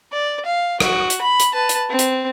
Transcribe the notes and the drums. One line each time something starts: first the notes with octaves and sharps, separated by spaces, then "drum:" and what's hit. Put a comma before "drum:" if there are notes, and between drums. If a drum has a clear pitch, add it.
D5
F5
F#4, drum: rim click
drum: hi-hat
B5
drum: hi-hat
B4 A5
drum: hi-hat
C4
drum: hi-hat